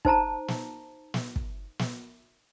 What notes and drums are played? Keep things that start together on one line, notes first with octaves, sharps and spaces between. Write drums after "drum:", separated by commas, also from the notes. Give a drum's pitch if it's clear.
D#4 C5 A5 A#5, drum: kick
drum: snare
drum: snare
drum: kick
drum: snare